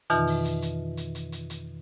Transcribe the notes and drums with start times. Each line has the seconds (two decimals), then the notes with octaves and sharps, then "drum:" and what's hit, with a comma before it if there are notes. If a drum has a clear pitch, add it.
0.10 F2 B2 D#3 E3 D#4 F4, drum: hi-hat
0.27 drum: open hi-hat
0.45 drum: hi-hat
0.62 drum: hi-hat
0.97 drum: hi-hat
1.15 drum: hi-hat
1.32 drum: hi-hat
1.50 drum: hi-hat